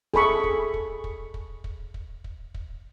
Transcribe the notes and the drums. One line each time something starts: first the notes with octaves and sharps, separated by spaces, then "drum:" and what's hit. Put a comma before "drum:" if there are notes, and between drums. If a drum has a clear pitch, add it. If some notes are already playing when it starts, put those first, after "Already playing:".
G#4 A4 B5 C#6, drum: kick
drum: kick
drum: kick
drum: kick
drum: kick
drum: kick
drum: kick
drum: kick
drum: kick